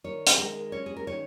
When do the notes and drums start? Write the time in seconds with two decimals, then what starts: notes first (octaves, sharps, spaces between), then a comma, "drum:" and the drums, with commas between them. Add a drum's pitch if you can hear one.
0.04 D#3 C#5
0.27 G#4, drum: hi-hat
0.38 G#3 A#4
0.72 C#4 C#5
0.86 G#4
0.97 A#4
1.07 D#3 C#5